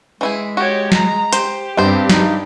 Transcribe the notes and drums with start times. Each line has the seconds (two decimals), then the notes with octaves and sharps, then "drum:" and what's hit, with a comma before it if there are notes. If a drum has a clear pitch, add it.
0.21 E3 G#3 E4 G#4
0.57 F#4 G4 C#5
0.92 A#5, drum: snare
1.33 G4 C5, drum: hi-hat
1.77 G2 B3 C4 C5
2.09 D#4, drum: snare